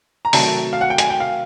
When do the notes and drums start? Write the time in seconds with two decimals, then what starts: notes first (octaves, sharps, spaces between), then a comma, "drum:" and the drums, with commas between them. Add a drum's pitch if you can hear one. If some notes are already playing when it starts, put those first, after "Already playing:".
0.25 A#5
0.33 C3 D#3 F#3 A3 A5, drum: open hi-hat
0.73 F5
0.81 F#5
0.90 G5
0.98 G#5, drum: hi-hat
1.10 G5
1.20 F5